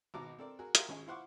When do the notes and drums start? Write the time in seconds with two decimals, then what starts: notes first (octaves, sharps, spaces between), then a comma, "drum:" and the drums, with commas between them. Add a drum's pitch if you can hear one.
0.14 G#1 B2 D#4 F#4 A#5 D6
0.39 C4 A4 A#4 D5
0.59 F#4 G#4 A#4
0.75 F#4 G4 A#4 E5 F5 C6, drum: hi-hat
0.89 G#1 C#4 D#4 G#4 D#5
1.07 E4 F4 C5 F#5 C#6 D6